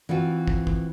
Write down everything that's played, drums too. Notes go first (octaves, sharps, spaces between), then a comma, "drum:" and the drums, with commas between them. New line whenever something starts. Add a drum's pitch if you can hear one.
E3 C4 F4 F#4
drum: kick
drum: kick